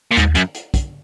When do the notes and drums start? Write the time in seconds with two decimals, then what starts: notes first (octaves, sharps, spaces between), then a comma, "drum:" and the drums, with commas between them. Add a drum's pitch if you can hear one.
0.11 A#2
0.17 D#2 G#2, drum: hi-hat
0.35 F#2, drum: hi-hat
0.55 drum: hi-hat
0.74 drum: kick, hi-hat